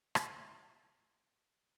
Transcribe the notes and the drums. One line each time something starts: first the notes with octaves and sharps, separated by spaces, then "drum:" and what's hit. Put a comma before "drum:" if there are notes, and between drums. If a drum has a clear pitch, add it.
drum: rim click
G#3 D#4 D6